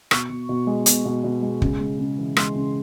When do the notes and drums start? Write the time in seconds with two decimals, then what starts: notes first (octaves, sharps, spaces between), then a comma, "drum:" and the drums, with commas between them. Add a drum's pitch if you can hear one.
0.11 B2 C#6, drum: rim click
0.29 B2
0.49 B2
0.67 G#3
0.86 B2, drum: hi-hat
1.05 B2
1.24 B2
1.42 G#3
1.62 C#3, drum: kick
1.80 G#3
1.99 C#3
2.18 E3
2.37 G#3 C6, drum: rim click
2.56 C#3